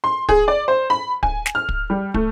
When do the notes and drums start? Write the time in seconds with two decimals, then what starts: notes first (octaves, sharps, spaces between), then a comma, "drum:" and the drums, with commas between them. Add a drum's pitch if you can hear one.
0.04 C6
0.29 G#4, drum: kick
0.48 D5
0.68 C5
0.90 B5
1.23 G#5, drum: kick
1.46 drum: snare
1.55 F6
1.69 drum: kick
1.90 G3
2.14 A3, drum: kick